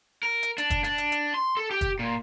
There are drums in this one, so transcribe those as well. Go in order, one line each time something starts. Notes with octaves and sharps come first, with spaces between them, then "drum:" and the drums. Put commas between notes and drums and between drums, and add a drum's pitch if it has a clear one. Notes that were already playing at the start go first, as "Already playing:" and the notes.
A#4
drum: hi-hat
D4, drum: hi-hat
drum: kick, hi-hat
D4, drum: hi-hat
drum: hi-hat
drum: hi-hat
C6
A4
G4
drum: kick, hi-hat
A#2